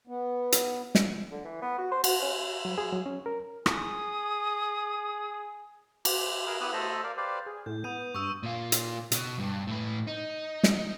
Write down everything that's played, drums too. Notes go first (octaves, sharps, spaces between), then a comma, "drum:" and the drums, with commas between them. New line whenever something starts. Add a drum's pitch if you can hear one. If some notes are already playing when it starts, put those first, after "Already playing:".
B3
drum: hi-hat
drum: snare
D3
E3
B3
F#4
C5
F#4, drum: cymbal
C#4
F#3
G#4
F#3
C#4
A#4
G#4 D#6, drum: rim click
G4, drum: cymbal
G#4 A#4 B4
B3 E4 G4 B4 D#6 F#6
A3 A4 C5 D#5 E5 A#5
A#4 D5 F5
G4 B4 C5 D5 F5
G#4
A2 G6
B3 D#6 G6 D#7
G2 C#6 D#6 E6
A#2 F4
drum: hi-hat
B2, drum: hi-hat
G2
A2 B4
D#4
drum: snare